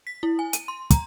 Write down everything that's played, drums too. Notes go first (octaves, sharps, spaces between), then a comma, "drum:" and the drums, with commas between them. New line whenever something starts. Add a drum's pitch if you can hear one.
B6
E4
G#5
D#7, drum: hi-hat
C6
A#5, drum: kick, hi-hat